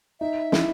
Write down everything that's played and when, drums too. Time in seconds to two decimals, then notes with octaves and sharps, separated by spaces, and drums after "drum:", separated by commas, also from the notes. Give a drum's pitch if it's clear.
0.20 D#4 E5
0.52 E4, drum: snare